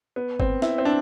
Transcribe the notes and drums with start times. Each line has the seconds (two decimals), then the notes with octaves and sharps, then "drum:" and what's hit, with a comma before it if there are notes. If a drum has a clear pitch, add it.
0.16 B3
0.40 C4, drum: kick G1
0.62 E4, drum: snare
0.78 C4
0.85 D4